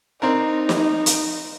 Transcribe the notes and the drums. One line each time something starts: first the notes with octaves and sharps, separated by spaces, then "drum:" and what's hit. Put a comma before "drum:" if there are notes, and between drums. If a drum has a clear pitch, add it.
C4 D4 D#4 A#4
drum: snare
drum: hi-hat